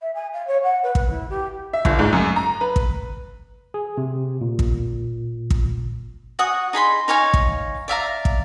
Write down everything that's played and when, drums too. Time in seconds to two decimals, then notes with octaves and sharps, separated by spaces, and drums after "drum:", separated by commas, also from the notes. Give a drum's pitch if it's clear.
0.01 E5
0.14 G#5
0.33 F5
0.47 C#5
0.63 F#5
0.83 B4
0.95 B4, drum: kick
1.10 E4
1.29 G4
1.73 E5
1.85 G1, drum: kick
1.99 G#2
2.13 F#2
2.36 A#5
2.61 B4
2.76 drum: kick
3.74 G#4
3.98 C3
4.41 A#2
4.59 drum: kick
5.50 drum: kick
6.39 F#4 F#5 G#5 D#6
6.73 D#4 G#4 B5 C6
7.08 D#4 C#5 F5 G#5
7.34 drum: kick
7.88 D5 E5 F5 A#5
8.25 drum: kick